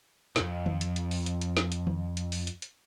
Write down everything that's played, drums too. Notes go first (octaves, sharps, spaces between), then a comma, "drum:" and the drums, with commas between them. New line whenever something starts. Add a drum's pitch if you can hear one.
C2 F2, drum: snare
drum: tom
drum: hi-hat
drum: hi-hat
drum: open hi-hat
drum: hi-hat
drum: hi-hat
drum: snare
drum: hi-hat
drum: tom
drum: hi-hat
drum: open hi-hat
drum: hi-hat
drum: hi-hat